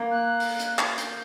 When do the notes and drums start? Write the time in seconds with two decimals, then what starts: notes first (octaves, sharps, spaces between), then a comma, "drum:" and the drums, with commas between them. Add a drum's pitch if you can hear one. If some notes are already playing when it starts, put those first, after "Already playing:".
Already playing: A#3
0.11 F#6
0.40 drum: open hi-hat
0.59 drum: hi-hat
0.79 drum: clap
0.98 G6, drum: hi-hat